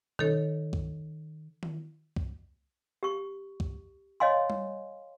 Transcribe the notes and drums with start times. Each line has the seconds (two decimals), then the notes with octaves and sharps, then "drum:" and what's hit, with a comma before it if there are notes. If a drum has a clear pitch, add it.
0.19 D#3 D#4 A4 C#5, drum: tom B2
0.73 drum: kick C2
1.63 drum: tom D#3
2.16 drum: kick C2
3.03 G4 C#6
3.60 drum: kick C2
4.20 C#5 D#5 F5 G#5 C6
4.50 drum: tom G3